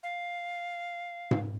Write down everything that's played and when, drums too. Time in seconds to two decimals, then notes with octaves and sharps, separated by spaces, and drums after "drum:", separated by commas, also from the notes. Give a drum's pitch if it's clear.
0.03 F5
1.31 drum: tom G#2